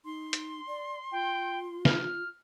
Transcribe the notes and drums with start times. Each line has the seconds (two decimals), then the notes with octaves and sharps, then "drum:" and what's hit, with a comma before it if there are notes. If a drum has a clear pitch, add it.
0.05 D#4 C6
0.33 drum: hi-hat
0.67 D5
1.12 F4 G5
1.85 F6, drum: snare